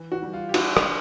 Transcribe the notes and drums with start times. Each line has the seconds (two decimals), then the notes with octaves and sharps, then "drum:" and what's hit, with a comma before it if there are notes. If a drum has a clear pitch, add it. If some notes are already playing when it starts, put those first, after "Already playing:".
Already playing: E3
0.12 F#4
0.22 G3
0.33 F4
0.49 G4
0.54 D4 F#4, drum: cymbal
0.77 drum: rim click